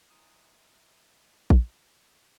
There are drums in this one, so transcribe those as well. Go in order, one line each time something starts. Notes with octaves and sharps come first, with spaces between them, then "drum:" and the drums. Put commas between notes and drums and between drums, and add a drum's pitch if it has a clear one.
B1 E3 B3 C5 D#5 G#5 A#5 D#6
drum: kick